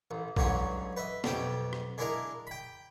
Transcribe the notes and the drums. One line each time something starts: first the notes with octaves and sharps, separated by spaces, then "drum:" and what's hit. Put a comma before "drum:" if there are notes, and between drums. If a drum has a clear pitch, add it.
A1
A1 G2 F#3 G#3 C#4 F#4, drum: kick A#1
B4 D#5 E5
B1 F2 B2 G4 G5, drum: snare
drum: rim click
G#3 D4 E4 A#4 D#5 F5
G5 B5